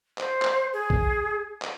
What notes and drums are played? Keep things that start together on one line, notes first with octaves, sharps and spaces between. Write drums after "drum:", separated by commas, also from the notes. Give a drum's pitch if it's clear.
C5, drum: clap
drum: clap
G#4
drum: kick A#1
drum: clap